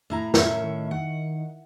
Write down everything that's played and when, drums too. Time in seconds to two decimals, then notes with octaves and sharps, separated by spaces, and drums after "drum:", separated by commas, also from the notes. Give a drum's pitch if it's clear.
0.10 A2 E4 A#5
0.34 A2 C#4 A#4 E5, drum: snare
0.64 D#3
0.91 F#5